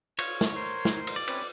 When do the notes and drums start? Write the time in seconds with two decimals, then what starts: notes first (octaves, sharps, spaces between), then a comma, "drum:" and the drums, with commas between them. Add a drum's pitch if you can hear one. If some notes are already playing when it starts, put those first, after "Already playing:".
0.19 F4 C#5 C#6, drum: cymbal
0.41 drum: snare
0.56 A#4 C5 C6
0.85 drum: snare
1.07 drum: cymbal
1.16 D5
1.27 C4 C#4 B4, drum: cymbal